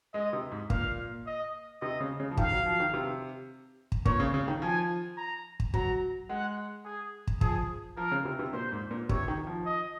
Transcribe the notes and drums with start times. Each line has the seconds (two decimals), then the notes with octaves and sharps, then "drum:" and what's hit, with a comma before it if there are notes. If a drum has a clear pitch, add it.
0.14 G#3 D#5
0.33 C3
0.52 G#2
0.70 A#2 F5, drum: kick
1.26 D#5
1.81 C3 D#5
2.00 C#3
2.20 C#3
2.31 F3
2.37 D#3 F5, drum: kick
2.52 F#3
2.66 F3
2.80 D#3
2.94 C3
3.92 drum: kick
4.06 A#2 C#5, drum: kick
4.20 C#3
4.34 C#3
4.48 D#3
4.62 F3 G#5
5.17 A#5
5.60 drum: kick
5.74 F#3 A#5, drum: kick
6.29 G#3 F#5
6.85 G#4
7.27 drum: kick
7.41 F3 G#4, drum: kick
7.97 F3 A#4
8.11 C#3
8.25 C3
8.39 C3
8.53 A#2 C5
8.72 G#2
8.91 A#2
9.09 C3 C#5, drum: kick
9.28 D#3
9.47 F3
9.65 D#5